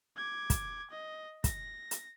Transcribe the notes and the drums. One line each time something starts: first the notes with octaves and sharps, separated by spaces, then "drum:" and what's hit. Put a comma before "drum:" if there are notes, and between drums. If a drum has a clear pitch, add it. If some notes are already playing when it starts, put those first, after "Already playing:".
D6 G#6
drum: kick, hi-hat
D#5
A#6, drum: kick, hi-hat
drum: hi-hat